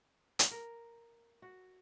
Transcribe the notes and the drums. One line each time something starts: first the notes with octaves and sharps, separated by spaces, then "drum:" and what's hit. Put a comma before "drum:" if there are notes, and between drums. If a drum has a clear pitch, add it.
drum: hi-hat
A#4
F#4